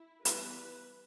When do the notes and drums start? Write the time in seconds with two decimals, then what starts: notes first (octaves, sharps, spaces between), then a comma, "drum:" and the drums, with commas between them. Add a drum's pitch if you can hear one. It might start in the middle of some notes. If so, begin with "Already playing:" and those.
Already playing: E4
0.25 E3 G3 B3 B4, drum: hi-hat